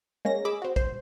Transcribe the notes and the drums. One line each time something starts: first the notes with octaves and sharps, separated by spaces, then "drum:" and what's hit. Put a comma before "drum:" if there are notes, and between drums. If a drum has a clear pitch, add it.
G#3 A#3 C#4 A#6
G#4 D#5 B5 D6 E6
C4 F#4
C5, drum: kick